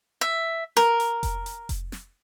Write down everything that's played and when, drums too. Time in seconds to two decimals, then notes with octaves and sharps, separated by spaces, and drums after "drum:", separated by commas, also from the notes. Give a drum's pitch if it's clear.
0.21 E5
0.77 A#4, drum: snare
1.00 drum: hi-hat
1.23 drum: kick F1, hi-hat
1.46 drum: hi-hat
1.69 drum: kick F1, hi-hat
1.92 drum: snare